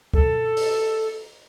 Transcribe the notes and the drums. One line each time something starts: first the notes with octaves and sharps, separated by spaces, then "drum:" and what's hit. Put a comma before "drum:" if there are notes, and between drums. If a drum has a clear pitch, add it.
A4, drum: kick
drum: open hi-hat